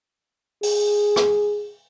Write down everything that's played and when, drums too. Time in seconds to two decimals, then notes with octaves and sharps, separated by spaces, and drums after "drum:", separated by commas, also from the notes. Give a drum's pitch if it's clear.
0.63 G#4, drum: open hi-hat
1.16 drum: rim click